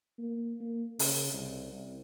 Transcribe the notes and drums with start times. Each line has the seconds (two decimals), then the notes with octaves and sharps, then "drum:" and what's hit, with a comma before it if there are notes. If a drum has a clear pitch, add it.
0.18 A#3
0.60 A#3
0.99 C#3, drum: open hi-hat
1.33 C2
1.72 C2